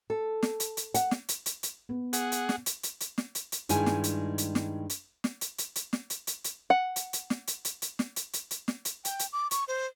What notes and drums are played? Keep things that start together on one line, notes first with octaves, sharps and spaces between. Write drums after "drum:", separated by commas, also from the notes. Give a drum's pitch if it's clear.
A4
drum: snare
drum: hi-hat
drum: hi-hat
F#5, drum: hi-hat
drum: snare
drum: hi-hat
drum: hi-hat
drum: hi-hat
B3
G#4 F#5, drum: hi-hat
drum: hi-hat
drum: snare
drum: hi-hat
drum: hi-hat
drum: hi-hat
drum: snare
drum: hi-hat
drum: hi-hat
G2 D#3 G#3 E4 G#5, drum: hi-hat
drum: snare
drum: hi-hat
drum: hi-hat
drum: snare
drum: hi-hat
drum: snare
drum: hi-hat
drum: hi-hat
drum: hi-hat
drum: snare
drum: hi-hat
drum: hi-hat
drum: hi-hat
F#5
drum: hi-hat
drum: hi-hat
drum: snare
drum: hi-hat
drum: hi-hat
drum: hi-hat
drum: snare
drum: hi-hat
drum: hi-hat
drum: hi-hat
drum: snare
drum: hi-hat
G5, drum: hi-hat
drum: hi-hat
D6
C#6, drum: hi-hat
C5